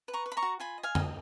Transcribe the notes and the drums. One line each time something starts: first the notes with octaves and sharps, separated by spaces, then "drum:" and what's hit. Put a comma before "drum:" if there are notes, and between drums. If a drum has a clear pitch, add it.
B4
A#5 C#6
B4
B5
A#5 C#6
F#4
F4 G#5 B5
D#5
F5 G#5
D#5, drum: tom F2